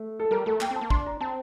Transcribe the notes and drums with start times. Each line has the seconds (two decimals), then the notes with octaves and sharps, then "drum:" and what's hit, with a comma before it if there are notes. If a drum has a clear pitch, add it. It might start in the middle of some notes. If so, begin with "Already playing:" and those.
Already playing: A3
0.20 A4
0.31 G3 A#4
0.46 A3 A4
0.61 A#3 G5, drum: clap
0.71 C4
0.76 A5
0.81 A#3
0.90 D4 C6, drum: kick
1.06 A#5
1.21 C4 A5